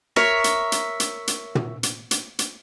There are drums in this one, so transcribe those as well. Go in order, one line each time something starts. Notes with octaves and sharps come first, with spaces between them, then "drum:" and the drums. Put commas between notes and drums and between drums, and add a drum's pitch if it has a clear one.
A#4 C#5 E5, drum: snare
drum: hi-hat
drum: hi-hat
drum: hi-hat
drum: hi-hat
drum: tom
drum: hi-hat
drum: hi-hat
drum: hi-hat